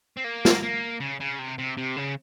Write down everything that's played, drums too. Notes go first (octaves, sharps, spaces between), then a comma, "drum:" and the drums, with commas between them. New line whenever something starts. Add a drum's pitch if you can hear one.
C4
A#3
drum: snare
A#3
C#3
C#3
C3
C3
C3
C#3